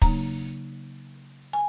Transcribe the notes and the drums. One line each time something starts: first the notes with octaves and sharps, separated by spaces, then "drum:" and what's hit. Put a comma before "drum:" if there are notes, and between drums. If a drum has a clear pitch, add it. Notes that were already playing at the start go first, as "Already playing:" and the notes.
C#3 F#3 A#3 D#4 A#5, drum: kick
G#5